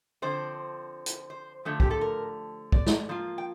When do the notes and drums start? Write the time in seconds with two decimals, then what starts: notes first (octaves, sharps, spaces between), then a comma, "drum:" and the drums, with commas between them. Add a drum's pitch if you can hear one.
0.22 D3 F3 C4 C5
1.06 drum: hi-hat
1.30 C5
1.65 D3 F3 A3
1.80 G4, drum: kick
1.90 A4
2.01 A#4
2.72 D5, drum: kick
2.87 drum: snare
3.09 F3 A#3 F4
3.38 G5